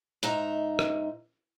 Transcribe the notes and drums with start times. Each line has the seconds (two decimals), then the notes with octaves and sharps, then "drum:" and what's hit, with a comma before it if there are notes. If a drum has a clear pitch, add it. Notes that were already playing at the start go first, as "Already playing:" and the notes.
0.23 G#2 D#4 E5 A#5, drum: hi-hat
0.79 drum: rim click